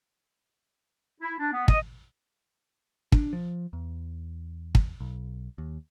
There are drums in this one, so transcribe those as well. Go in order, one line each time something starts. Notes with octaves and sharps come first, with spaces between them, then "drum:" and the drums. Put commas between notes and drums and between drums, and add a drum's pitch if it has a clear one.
E4
D4
B3
D#5, drum: kick
D4, drum: kick
F3
E2
drum: kick
B1
D#2